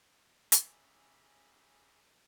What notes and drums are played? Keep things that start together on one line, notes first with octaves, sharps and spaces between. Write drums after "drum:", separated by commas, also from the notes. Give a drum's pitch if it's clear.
C#4 G4 G#4 E5 A#5 B5, drum: hi-hat